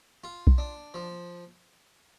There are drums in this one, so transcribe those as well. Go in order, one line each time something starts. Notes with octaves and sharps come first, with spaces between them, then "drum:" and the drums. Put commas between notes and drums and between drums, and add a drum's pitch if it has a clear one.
F4
drum: kick B1
D4
F3